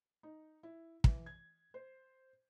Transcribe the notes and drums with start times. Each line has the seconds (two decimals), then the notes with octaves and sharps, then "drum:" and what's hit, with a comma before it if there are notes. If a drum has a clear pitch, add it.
0.23 D#4
0.63 E4
1.04 E3, drum: kick
1.26 G#6
1.74 C5